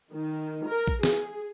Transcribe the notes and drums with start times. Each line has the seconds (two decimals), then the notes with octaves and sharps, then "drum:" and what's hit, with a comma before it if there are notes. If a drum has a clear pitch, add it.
0.12 D#3
0.66 A#4
0.87 drum: kick A#1
1.03 G#4, drum: snare